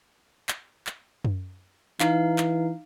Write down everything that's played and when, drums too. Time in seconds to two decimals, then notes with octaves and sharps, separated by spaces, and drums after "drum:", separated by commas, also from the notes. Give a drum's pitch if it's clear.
0.49 drum: clap
0.87 drum: clap
1.25 drum: tom F#2
2.00 E3 D#4 F5, drum: clap
2.38 drum: clap